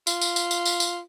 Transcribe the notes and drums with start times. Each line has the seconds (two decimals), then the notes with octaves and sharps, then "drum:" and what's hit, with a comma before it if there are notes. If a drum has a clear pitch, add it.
0.07 F4, drum: tambourine
0.21 drum: tambourine
0.36 drum: tambourine
0.51 drum: tambourine
0.65 drum: tambourine
0.80 drum: tambourine